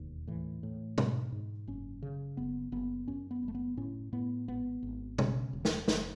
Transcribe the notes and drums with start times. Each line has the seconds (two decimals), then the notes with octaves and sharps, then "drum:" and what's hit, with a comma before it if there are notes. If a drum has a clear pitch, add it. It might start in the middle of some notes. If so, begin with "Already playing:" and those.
Already playing: E1 D#2
0.27 A2 E3
0.63 A2
0.98 G#2, drum: tom
1.32 G#2
1.67 F#1 C#4
2.02 C#3
2.37 F#1 B3
2.72 F#1 B3
3.08 F#2 C#4
3.31 B3
3.43 F#1
3.48 A3
3.55 B3
3.77 A2 C#4
4.13 A2 B3
4.48 G#1 B3
4.83 G#1
5.18 C#3, drum: tom
5.53 E1
5.65 drum: snare
5.88 F#1, drum: snare